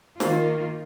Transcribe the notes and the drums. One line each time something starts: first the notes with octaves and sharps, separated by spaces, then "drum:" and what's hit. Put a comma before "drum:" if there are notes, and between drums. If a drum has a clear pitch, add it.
D#3 A#3 F4, drum: snare